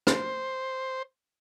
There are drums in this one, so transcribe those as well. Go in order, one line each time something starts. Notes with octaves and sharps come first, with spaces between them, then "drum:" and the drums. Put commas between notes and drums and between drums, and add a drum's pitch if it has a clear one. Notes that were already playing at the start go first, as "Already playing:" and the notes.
C5, drum: rim click